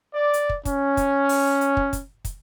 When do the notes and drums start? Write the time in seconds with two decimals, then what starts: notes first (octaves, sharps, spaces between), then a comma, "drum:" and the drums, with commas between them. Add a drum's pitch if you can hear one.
0.13 D5
0.34 drum: hi-hat
0.49 drum: kick
0.65 C#4, drum: kick, hi-hat
0.97 drum: kick, hi-hat
1.29 drum: open hi-hat
1.61 drum: hi-hat
1.77 drum: kick
1.93 drum: kick, hi-hat
2.25 drum: kick, hi-hat